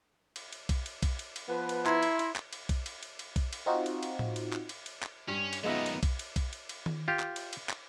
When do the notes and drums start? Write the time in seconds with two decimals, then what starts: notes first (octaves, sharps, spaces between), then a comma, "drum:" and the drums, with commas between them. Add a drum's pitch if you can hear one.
0.36 drum: cymbal
0.52 drum: cymbal
0.69 drum: kick B1, cymbal
0.86 drum: cymbal
1.03 drum: kick B1, cymbal
1.19 drum: cymbal
1.36 drum: cymbal
1.49 F3 B3 B4
1.69 drum: cymbal
1.86 E4 A#5 C6 G#6, drum: clap
2.03 drum: cymbal
2.19 drum: cymbal
2.36 drum: clap
2.53 drum: cymbal
2.69 drum: kick B1, cymbal
2.86 drum: cymbal
3.03 drum: cymbal
3.19 drum: cymbal
3.36 drum: kick B1, cymbal
3.53 drum: cymbal
3.66 C4 D#4 F4 F#4
3.86 drum: cymbal
4.03 drum: cymbal
4.19 drum: tom A2
4.36 drum: cymbal
4.53 drum: clap
4.69 drum: cymbal
4.86 drum: cymbal
5.03 drum: clap
5.28 G2 C#4
5.53 drum: cymbal
5.64 F#2 D#3 G#3 B3 D#4 F4 D#5 E5
5.86 drum: cymbal
6.03 drum: kick B1, cymbal
6.19 drum: cymbal
6.36 drum: kick B1, cymbal
6.53 drum: cymbal
6.69 drum: cymbal
6.86 drum: tom D#3
7.08 F4 G4
7.19 drum: clap
7.36 drum: cymbal
7.53 drum: cymbal
7.69 drum: clap